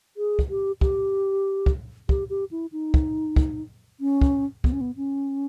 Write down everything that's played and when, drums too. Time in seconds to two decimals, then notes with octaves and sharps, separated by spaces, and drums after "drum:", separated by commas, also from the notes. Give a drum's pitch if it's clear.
0.17 G#4
0.39 drum: kick
0.50 G4
0.81 G4, drum: kick
1.66 drum: kick
2.09 G4, drum: kick
2.30 G4
2.51 E4
2.72 D#4
2.94 drum: kick
3.36 drum: kick
4.00 C#4
4.21 drum: kick
4.64 B3, drum: kick
4.72 C#4
4.81 B3
4.96 C#4